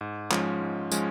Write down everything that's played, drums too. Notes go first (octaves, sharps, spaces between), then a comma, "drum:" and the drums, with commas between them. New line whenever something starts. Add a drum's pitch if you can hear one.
G#2
F3 G#3 C#4, drum: clap
G#2
F3 G#3 C#4, drum: tambourine